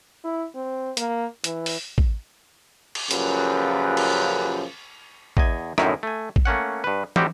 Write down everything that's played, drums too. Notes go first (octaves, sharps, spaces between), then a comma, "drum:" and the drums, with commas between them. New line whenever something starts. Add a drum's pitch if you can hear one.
E4
C4
A#3, drum: hi-hat
E3, drum: hi-hat
drum: open hi-hat
drum: kick
drum: cymbal
F#2 A#2 C#3 F3 G4 B4, drum: hi-hat
drum: cymbal
E2 D#5 G#5, drum: kick
F#2 A2 D3 D#3 D#4 E4, drum: rim click
A3 G#5
drum: kick
A3 A#3 C#4 F#5
G2 B4
A2 G3 C4 D#4 F#4 G4, drum: tom